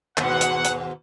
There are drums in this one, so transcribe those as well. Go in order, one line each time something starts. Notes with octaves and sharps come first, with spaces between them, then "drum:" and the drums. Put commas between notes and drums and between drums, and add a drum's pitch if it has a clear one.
D#2 G#2 B2 F#5, drum: clap
drum: hi-hat
drum: hi-hat